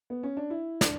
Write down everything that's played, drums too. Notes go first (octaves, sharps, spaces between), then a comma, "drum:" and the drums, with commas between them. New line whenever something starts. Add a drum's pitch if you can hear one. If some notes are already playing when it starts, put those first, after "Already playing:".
B3
C#4
D4
E4
D4, drum: snare